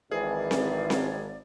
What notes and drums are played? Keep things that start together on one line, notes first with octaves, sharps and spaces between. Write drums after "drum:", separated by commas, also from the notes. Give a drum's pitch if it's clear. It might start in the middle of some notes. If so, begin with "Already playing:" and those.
G#1 E3 G#4 D5
drum: snare C4
drum: snare C4